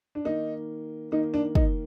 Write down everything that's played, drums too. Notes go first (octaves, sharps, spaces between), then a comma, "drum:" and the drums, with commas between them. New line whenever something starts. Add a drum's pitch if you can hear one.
D4
D#3 A#3 D#4
D#3 A#3 D#4
D4
D#4, drum: kick